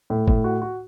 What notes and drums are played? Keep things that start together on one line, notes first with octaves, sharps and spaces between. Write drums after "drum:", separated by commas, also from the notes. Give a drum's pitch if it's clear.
A2
A2, drum: kick G1
F#4
F#4